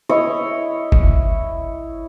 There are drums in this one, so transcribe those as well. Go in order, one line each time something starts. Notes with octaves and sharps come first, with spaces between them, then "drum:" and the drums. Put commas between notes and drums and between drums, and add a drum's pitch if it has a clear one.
E4 C#5 D#5
drum: kick